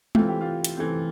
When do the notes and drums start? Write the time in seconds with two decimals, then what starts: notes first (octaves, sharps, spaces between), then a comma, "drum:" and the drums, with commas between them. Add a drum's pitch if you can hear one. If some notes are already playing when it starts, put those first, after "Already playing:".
0.15 E3 A3 C4 F4, drum: tom G#3
0.28 G4
0.41 F4
0.64 drum: hi-hat
0.77 E3 A3 C4